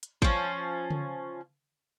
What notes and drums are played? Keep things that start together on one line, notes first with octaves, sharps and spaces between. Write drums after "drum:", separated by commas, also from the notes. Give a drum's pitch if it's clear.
drum: hi-hat
F3 C#4, drum: kick G#1
drum: tom C#3